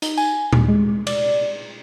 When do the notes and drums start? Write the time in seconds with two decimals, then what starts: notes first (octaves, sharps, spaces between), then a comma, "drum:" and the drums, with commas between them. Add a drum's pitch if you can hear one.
0.02 D#4, drum: hi-hat
0.17 G#5, drum: tambourine
0.53 D#2, drum: tom A#2
0.68 G#3
1.07 D5, drum: cymbal